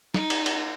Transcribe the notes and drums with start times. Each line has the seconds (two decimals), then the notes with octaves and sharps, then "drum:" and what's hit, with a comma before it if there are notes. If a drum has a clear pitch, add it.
0.14 D#4, drum: snare
0.30 drum: cymbal
0.46 drum: cymbal